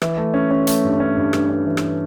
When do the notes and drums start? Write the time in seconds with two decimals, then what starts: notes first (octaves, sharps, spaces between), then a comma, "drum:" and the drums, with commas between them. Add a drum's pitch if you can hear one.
0.02 E3, drum: rim click
0.17 A3
0.34 C#4
0.51 C#4
0.67 A3, drum: hi-hat
0.84 G2
1.00 C#4
1.17 G2
1.33 G2, drum: rim click
1.50 C#4
1.66 E3
1.77 drum: rim click